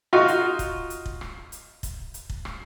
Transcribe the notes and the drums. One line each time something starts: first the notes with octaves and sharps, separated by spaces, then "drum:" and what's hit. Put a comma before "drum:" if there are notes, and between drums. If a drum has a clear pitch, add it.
D#4 F4 F#4
drum: hi-hat
drum: kick, hi-hat
drum: hi-hat
drum: kick
drum: rim click
drum: hi-hat
drum: kick, hi-hat
drum: hi-hat
drum: kick
drum: rim click